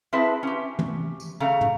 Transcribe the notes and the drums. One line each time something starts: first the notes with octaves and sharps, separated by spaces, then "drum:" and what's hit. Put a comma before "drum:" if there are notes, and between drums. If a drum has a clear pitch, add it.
C4 E4 G#4 B4 E5 A5
C#4 G4
drum: tom
drum: tambourine
C#3 A3 F5 A#5
drum: tom